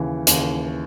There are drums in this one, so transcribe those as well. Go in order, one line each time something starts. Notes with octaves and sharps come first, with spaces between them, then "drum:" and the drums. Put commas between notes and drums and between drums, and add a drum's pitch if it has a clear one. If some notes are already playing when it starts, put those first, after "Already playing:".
Already playing: D#2 C#3 E3
D#2 C#3 E3, drum: hi-hat